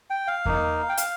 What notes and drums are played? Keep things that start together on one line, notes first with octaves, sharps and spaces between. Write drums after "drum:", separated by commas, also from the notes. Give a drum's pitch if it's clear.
G5
F5
A#3 D#4, drum: kick E2
G5
F5, drum: hi-hat